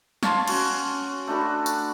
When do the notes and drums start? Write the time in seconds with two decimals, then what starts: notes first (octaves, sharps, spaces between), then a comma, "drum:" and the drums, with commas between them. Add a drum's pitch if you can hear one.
0.23 C#5 F5 A5 C6, drum: snare
0.48 C#4 F#4 C#5, drum: cymbal
1.27 A3 D4 F#4 B5
1.66 drum: tambourine